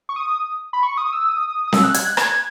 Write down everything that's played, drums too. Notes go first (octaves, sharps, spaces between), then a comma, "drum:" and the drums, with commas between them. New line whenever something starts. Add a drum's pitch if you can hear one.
C#6
D#6
B5
C#6
D#6
E6
D#6
D#6
E6, drum: snare
F#6
G#6, drum: hi-hat
F#6
G#6, drum: rim click